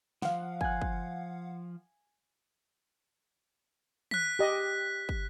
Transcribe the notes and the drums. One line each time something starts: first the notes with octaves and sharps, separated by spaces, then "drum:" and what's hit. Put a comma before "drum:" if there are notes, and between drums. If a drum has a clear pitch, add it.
F3 F5 F#5, drum: snare
G#5 F#6, drum: kick
drum: kick
F#6 B6, drum: tom
G4 D#5
drum: kick